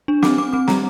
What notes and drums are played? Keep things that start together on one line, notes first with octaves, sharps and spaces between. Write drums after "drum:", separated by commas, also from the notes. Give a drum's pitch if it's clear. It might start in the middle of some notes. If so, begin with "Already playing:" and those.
D4
C4 D6, drum: snare
C4 D6
C4 D6
G3 A#5, drum: snare